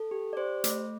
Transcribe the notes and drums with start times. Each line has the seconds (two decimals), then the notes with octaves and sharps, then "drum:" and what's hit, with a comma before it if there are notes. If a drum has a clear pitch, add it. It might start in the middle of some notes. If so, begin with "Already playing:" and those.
Already playing: A4
0.11 G4
0.33 D5
0.37 G4 C5
0.64 A3, drum: hi-hat